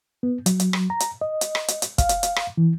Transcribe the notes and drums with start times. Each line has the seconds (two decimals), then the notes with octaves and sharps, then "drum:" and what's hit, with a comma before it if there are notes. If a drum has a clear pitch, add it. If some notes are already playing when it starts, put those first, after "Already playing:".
0.23 B3
0.46 F#3, drum: hi-hat
0.60 drum: hi-hat
0.73 drum: rim click
0.90 A#5
1.00 drum: hi-hat
1.21 D#5
1.41 drum: hi-hat
1.55 drum: rim click
1.68 drum: hi-hat
1.82 drum: hi-hat
1.98 F5, drum: kick, hi-hat
2.09 drum: hi-hat
2.23 drum: hi-hat
2.36 drum: rim click
2.57 E3